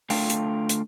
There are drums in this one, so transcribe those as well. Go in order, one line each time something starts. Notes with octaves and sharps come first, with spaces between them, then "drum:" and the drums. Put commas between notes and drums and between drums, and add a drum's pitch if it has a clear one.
D3 A3 D4 F4 F5 G5, drum: open hi-hat
drum: hi-hat
drum: hi-hat